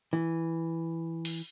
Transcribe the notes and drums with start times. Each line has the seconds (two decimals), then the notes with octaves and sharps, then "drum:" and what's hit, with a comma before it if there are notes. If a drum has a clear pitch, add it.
0.13 E3
1.25 drum: open hi-hat